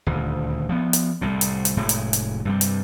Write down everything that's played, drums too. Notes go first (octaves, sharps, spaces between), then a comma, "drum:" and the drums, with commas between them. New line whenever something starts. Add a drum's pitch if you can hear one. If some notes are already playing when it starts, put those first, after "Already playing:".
D#1 D2
F3 B3
drum: hi-hat
C2 A2
drum: hi-hat
drum: hi-hat
F1 A2 G#3
drum: hi-hat
drum: hi-hat
G2 C3 G3
drum: hi-hat